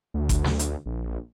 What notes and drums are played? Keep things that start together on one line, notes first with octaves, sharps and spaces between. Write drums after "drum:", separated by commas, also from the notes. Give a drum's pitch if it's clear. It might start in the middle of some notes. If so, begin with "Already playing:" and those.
D2
drum: kick G1, hi-hat
drum: snare
drum: hi-hat
A#1